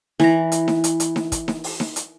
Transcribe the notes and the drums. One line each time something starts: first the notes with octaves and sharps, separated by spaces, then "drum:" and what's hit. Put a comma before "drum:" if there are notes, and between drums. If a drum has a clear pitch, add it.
E3 A#5, drum: snare D#4
drum: hi-hat
drum: snare D#4
drum: hi-hat
drum: hi-hat
drum: snare D#4
drum: kick, hi-hat
drum: snare D#4
drum: open hi-hat
drum: snare D#4
drum: hi-hat